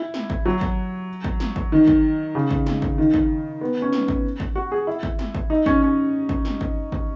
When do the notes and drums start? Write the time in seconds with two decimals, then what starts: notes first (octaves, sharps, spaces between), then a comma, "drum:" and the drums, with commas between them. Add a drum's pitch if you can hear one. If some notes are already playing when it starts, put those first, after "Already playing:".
Already playing: E4
0.14 drum: snare
0.30 drum: kick
0.46 F#3
0.61 drum: kick
1.24 drum: kick
1.40 drum: snare
1.56 drum: kick
1.72 D#3
1.87 drum: kick
2.35 C#3
2.51 drum: kick
2.66 drum: snare
2.82 drum: kick
2.98 D#3
3.14 drum: kick
3.61 B3
3.82 C#4
3.93 drum: snare
4.08 drum: kick
4.40 drum: kick
4.55 F#4
4.72 G#4
4.87 E4
5.03 drum: kick
5.19 drum: snare
5.35 drum: kick
5.50 D#4
5.66 C#4, drum: kick
5.82 C#4
6.29 drum: kick
6.45 drum: snare
6.61 drum: kick
6.92 drum: kick